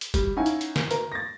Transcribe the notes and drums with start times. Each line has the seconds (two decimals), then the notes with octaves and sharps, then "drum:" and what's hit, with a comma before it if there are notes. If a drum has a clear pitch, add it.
0.01 drum: hi-hat
0.14 G3, drum: kick, hi-hat
0.36 C#4 D#4 E4 F5 F#5 G#5
0.46 drum: hi-hat
0.61 drum: hi-hat
0.76 drum: snare
0.91 A#4, drum: hi-hat
1.12 A6 A#6